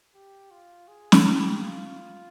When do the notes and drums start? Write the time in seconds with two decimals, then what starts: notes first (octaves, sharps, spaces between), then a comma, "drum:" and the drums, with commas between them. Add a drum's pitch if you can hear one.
0.15 G4
0.51 F4
0.88 G#4
1.12 drum: snare
1.24 G4
1.61 F4